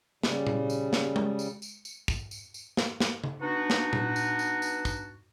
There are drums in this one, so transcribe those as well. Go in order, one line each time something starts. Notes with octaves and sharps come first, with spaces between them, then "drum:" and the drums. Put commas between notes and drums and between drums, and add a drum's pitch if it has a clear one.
C#3 G3, drum: snare
drum: tom A#2
drum: tambourine
drum: snare
drum: tom G#3
drum: tambourine
drum: tambourine
drum: tambourine
drum: kick, tambourine
drum: tambourine
drum: tambourine
drum: snare
drum: snare
drum: tom C#3
B3 D4 D#4 F#4
drum: snare
drum: tom A#2
drum: tambourine
drum: tambourine
drum: tambourine
drum: kick, tambourine